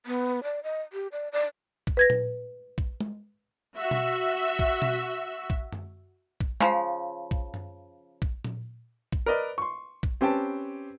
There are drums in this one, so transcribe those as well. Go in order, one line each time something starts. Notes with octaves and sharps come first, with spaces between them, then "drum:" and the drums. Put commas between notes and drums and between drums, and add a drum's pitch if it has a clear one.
B3
D5
D#5
G4
D5
D5
drum: kick
B4 G#6 A#6
drum: tom A#2
drum: kick
drum: tom G#3
F#4 E5
drum: tom B2
drum: kick
drum: tom B2
drum: kick
drum: tom F#2
drum: kick
C#3 F3, drum: tom G#3
drum: kick
drum: tom F#2
drum: kick
drum: tom A#2
drum: kick
A#4 B4 D5 D#5
C6 C#6
drum: kick
C4 C#4 G4 B4 G5 A5